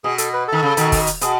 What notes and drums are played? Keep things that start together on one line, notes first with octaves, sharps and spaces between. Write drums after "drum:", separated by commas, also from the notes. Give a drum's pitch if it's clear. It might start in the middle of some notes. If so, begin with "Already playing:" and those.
B2 G#4
A4, drum: hi-hat
B4
D#3 A4
C#3
B2 D#3, drum: hi-hat
drum: kick, open hi-hat
drum: hi-hat
B2 G#4, drum: hi-hat